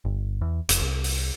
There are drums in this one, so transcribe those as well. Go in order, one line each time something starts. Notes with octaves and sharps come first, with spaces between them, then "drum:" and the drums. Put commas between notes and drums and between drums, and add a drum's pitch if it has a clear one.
G1
E2
F1, drum: hi-hat
C2
drum: open hi-hat